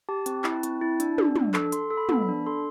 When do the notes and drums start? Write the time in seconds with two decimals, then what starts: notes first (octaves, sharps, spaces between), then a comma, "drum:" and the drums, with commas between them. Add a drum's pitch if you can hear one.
0.09 G4 A5
0.26 C4, drum: hi-hat
0.44 E4, drum: clap
0.63 C4, drum: hi-hat
0.81 E4
1.00 D4, drum: hi-hat
1.18 D4, drum: tom
1.36 D4, drum: tom
1.54 A4, drum: clap
1.72 A4 C6, drum: hi-hat
1.90 A4
1.97 B5
2.09 B3, drum: tom
2.22 B5
2.28 D4
2.47 A4 C6